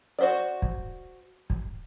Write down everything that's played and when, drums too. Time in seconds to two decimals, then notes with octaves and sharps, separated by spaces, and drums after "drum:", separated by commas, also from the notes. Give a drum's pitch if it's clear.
0.19 F#4 C5 D5
0.62 drum: kick
1.50 drum: kick